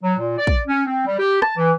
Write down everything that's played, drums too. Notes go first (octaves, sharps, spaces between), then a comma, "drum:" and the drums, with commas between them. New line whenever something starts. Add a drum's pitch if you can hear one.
F#3
A#2
D5
drum: kick
C#4
C4
G3
G4
A5, drum: rim click
E3